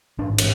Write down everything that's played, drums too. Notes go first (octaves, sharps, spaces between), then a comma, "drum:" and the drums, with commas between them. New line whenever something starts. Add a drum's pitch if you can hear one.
A1 G#2 D4
drum: cymbal